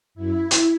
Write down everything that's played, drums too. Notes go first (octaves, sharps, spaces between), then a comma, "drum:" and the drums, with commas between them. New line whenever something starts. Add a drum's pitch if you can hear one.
F#2 F#3 E4
drum: hi-hat